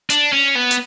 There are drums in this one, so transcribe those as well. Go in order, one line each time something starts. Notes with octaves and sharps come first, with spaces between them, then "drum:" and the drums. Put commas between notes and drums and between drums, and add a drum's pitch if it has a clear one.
D4, drum: hi-hat
C#4
B3
drum: hi-hat